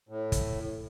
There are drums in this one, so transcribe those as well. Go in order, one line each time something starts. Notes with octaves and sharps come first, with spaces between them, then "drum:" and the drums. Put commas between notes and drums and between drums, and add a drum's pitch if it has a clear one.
A2
drum: kick, hi-hat